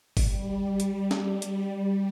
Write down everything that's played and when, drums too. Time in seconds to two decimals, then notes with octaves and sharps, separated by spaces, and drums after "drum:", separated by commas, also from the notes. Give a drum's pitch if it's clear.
0.17 G3, drum: kick G1, open hi-hat
0.80 drum: hi-hat
1.11 drum: snare
1.42 drum: hi-hat